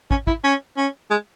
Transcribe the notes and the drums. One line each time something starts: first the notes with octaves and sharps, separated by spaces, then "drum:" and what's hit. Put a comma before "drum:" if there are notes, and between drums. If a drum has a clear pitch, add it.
C#4, drum: kick
E4, drum: kick
C#4
C#4
G#3